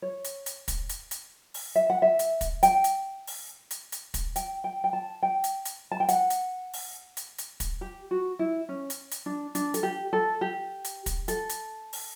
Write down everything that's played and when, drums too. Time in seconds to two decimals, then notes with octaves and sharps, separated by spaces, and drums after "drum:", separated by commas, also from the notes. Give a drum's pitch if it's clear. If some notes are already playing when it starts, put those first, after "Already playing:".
0.02 C#5
0.24 drum: hi-hat
0.46 drum: hi-hat
0.68 drum: kick, hi-hat
0.89 drum: hi-hat
1.11 drum: hi-hat
1.54 drum: open hi-hat
1.76 E5
1.90 F#5
2.02 E5
2.19 drum: hi-hat
2.41 drum: kick, hi-hat
2.63 G5, drum: hi-hat
2.84 drum: hi-hat
3.27 drum: open hi-hat
3.71 drum: hi-hat
3.92 drum: hi-hat
4.14 drum: kick, hi-hat
4.36 G5, drum: hi-hat
4.64 G5
4.84 G5
4.93 A5
5.23 G5
5.44 drum: hi-hat
5.65 drum: hi-hat
5.91 A5
6.00 G5
6.08 F#5, drum: hi-hat
6.30 drum: hi-hat
6.73 drum: open hi-hat
7.17 drum: hi-hat
7.38 drum: hi-hat
7.60 drum: kick, hi-hat
7.81 G4
8.11 F#4
8.39 E4
8.69 C#4
8.90 drum: hi-hat
9.11 drum: hi-hat
9.26 D4
9.55 D4, drum: hi-hat
9.74 A4, drum: hi-hat
9.83 G4
10.13 A4
10.41 G4
10.85 drum: hi-hat
11.06 drum: kick, hi-hat
11.28 A4, drum: hi-hat
11.49 drum: hi-hat
11.93 drum: open hi-hat